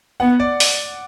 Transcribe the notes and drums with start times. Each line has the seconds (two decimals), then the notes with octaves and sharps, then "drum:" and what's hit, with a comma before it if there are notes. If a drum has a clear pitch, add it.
0.20 B3 F#5
0.40 D5
0.60 drum: open hi-hat